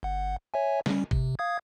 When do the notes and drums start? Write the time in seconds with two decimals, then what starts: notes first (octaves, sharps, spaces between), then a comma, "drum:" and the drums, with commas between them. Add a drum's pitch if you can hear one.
0.03 G1 F#5
0.54 C#5 E5 G#5
0.86 G3 C#4, drum: snare
1.11 C3, drum: kick
1.39 F5 D#6 G#6